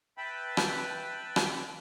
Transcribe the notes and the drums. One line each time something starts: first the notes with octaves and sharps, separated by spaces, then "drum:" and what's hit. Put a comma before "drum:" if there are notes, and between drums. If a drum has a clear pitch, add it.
B4 E5 G5 A5 B5
drum: rim click
drum: rim click